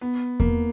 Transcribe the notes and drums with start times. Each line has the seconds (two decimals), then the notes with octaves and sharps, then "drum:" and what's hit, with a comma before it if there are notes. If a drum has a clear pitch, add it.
0.01 B3
0.40 A#3, drum: kick E2